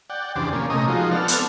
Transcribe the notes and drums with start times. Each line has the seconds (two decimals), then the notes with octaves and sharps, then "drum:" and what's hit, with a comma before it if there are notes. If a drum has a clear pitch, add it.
0.10 D5 F#5 G5
0.36 E2 C#3 D4 G4 C5 D6
0.53 A#2 A#3 C#4
0.70 C3 A3 C#4 A#4 D#5 D#6
0.88 F3 G#3 D#4 F4 F#4
1.11 B3 C4 A4 D5 F#5 F6
1.28 drum: hi-hat